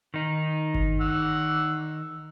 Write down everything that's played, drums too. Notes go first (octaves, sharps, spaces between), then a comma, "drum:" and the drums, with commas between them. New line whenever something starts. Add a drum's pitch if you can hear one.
D#3 D#4
drum: kick G1
F#5 E6